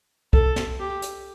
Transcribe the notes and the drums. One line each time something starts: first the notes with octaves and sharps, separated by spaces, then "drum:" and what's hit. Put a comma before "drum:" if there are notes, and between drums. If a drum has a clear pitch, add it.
A4, drum: kick
drum: snare
G4
drum: hi-hat